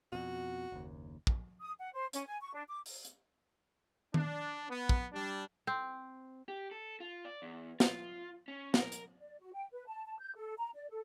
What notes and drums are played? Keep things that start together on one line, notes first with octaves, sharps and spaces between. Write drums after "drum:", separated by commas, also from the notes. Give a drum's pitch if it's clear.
F2 B2 F#4
F#1 D#2
drum: kick
D#6
F#5
C5
C#4, drum: hi-hat
G#5
C#6
D4
D6
drum: open hi-hat
drum: hi-hat
D4, drum: tom D#3
B3
drum: kick
G3 D4
C4
G4
A4
F4
D5
E2
F4, drum: snare
C#4
A#4, drum: snare
drum: hi-hat
D5
F#4
G5
B4
A5
A5
G6
A4
A#5
D5
A4